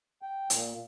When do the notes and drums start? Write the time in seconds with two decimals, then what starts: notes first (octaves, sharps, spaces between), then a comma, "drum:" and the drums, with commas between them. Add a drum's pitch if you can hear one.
0.22 G5
0.50 A#2, drum: hi-hat